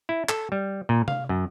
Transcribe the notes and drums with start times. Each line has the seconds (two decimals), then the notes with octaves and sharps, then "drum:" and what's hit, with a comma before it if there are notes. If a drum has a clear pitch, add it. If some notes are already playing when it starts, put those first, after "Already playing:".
0.09 E4
0.29 A4, drum: clap
0.52 G3
0.89 A#2
1.08 F5, drum: tom C3
1.29 F#2